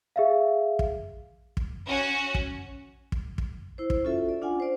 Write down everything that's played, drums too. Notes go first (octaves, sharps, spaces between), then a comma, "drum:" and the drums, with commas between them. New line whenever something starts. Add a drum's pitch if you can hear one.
G#4 E5 F5
drum: kick
drum: kick
C#4 F#4
drum: kick
drum: kick
drum: kick
E4 C5
drum: kick
C#4 F4 F#4 A4 E5
D5
D4 F4 F#5 G#5
C5 D5